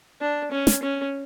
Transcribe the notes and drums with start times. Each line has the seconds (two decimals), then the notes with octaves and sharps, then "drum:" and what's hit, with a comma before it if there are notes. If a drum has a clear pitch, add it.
0.21 D4
0.51 C#4
0.67 drum: snare
0.82 C#4